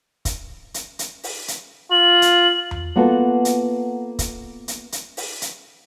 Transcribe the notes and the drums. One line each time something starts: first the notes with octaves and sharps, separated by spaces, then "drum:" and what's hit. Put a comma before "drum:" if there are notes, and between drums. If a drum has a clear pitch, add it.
drum: kick, hi-hat
drum: hi-hat
drum: hi-hat
drum: open hi-hat
drum: hi-hat
F4 F#7
drum: hi-hat
drum: tom E2
A#3 B3 F4 F#4 A4
drum: hi-hat
drum: kick, hi-hat
drum: hi-hat
drum: hi-hat
drum: open hi-hat
drum: hi-hat